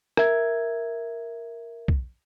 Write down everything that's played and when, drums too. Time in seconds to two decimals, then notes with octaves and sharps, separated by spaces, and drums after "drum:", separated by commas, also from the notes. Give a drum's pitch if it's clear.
0.17 A#4 E5 G#6, drum: rim click
1.88 drum: kick